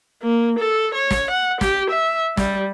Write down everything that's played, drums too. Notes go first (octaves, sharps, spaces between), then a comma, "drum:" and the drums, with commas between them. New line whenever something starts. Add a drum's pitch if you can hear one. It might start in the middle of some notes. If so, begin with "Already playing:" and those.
A#3
A4
C#5
drum: snare
F#5
G4, drum: snare
E5
G3, drum: snare